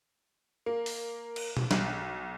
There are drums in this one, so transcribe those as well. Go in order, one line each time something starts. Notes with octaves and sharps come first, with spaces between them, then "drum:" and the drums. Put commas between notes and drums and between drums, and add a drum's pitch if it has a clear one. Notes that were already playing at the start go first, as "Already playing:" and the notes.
A#3
drum: open hi-hat
drum: cymbal
drum: tom
B1, drum: snare